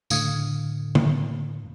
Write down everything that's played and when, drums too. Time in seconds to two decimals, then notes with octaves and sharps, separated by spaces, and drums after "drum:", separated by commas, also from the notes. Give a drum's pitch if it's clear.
0.10 C#2 A2 D3 F5 D#6 G#6, drum: tambourine
0.95 drum: tom